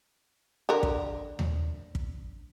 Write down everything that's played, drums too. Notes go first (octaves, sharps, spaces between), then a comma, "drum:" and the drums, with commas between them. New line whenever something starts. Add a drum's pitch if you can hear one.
D3 A#4
drum: kick
drum: tom D#2
drum: kick